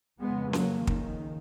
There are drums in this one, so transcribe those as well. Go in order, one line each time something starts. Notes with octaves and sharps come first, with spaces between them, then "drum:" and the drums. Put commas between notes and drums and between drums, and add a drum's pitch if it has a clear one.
F2 C#3 G#3 B3
F#3 A#3, drum: snare C#4
D#3, drum: kick